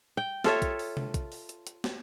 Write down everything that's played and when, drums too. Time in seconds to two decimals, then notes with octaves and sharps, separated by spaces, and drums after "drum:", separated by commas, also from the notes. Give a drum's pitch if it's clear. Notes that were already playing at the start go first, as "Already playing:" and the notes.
0.17 G5
0.44 F4 A4 C#5 E5, drum: snare
0.62 drum: kick, hi-hat
0.79 drum: open hi-hat
0.97 drum: tom C3
1.14 drum: kick, hi-hat
1.32 drum: open hi-hat
1.49 drum: hi-hat
1.67 drum: hi-hat
1.84 drum: snare